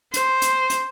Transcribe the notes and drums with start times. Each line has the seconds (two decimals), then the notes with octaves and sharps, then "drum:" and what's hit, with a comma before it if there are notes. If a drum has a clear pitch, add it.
0.14 C5, drum: hi-hat
0.42 drum: hi-hat
0.70 drum: hi-hat